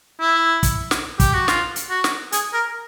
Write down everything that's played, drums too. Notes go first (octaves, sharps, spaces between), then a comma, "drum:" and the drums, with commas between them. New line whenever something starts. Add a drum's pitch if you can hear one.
E4
drum: kick, hi-hat
drum: snare
G4, drum: kick, hi-hat
F#4
F4, drum: snare
drum: hi-hat
F#4
drum: snare
G#4, drum: hi-hat
A#4